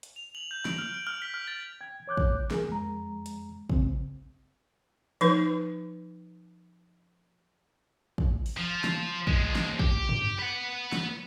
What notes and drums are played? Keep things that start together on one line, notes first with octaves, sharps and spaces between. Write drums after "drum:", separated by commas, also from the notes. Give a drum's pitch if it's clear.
drum: hi-hat
F7
F#7
G6
D7, drum: snare
F6
D7
F6
B6
F6
A6
G5 G#6
C#5 D6 F#6 G6
drum: kick
G#4 A#4 G#5, drum: snare
F2 G#3 A#5
drum: hi-hat
C2 C#3 C4, drum: kick
F3 D#4 B4 C5, drum: hi-hat
drum: kick
drum: open hi-hat
F3
drum: snare
F3 G#3, drum: kick
drum: snare
G4, drum: kick
drum: tom
B4 F#5
drum: snare